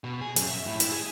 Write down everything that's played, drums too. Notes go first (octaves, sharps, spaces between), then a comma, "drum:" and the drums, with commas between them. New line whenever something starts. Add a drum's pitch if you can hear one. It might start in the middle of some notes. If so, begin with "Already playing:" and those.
B2
G#4
F#2, drum: hi-hat
E5
A2
E4, drum: hi-hat
G#4